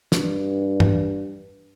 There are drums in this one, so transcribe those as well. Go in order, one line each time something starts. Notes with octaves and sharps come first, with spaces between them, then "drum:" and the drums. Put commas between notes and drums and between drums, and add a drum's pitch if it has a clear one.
G2, drum: snare
drum: tom G2